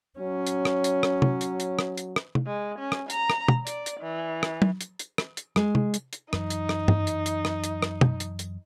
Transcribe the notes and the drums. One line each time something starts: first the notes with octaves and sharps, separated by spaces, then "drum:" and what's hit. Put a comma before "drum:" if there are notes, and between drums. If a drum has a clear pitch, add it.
F#3 C#4
drum: hi-hat
drum: rim click
drum: hi-hat
drum: rim click
drum: tom
drum: hi-hat
drum: hi-hat
drum: rim click
drum: hi-hat
drum: rim click
drum: tom
G#3
C#4
drum: rim click
A#5, drum: hi-hat
drum: rim click
drum: tom
D5, drum: hi-hat
drum: hi-hat
E3
drum: rim click
drum: tom
drum: hi-hat
drum: hi-hat
drum: rim click
drum: hi-hat
G#3, drum: rim click
drum: tom
drum: hi-hat
drum: hi-hat
F#2 E3 F#3 D#4, drum: rim click
drum: hi-hat
drum: rim click
drum: tom G2
drum: hi-hat
drum: hi-hat
drum: rim click
drum: hi-hat
drum: rim click
drum: tom
drum: hi-hat
drum: hi-hat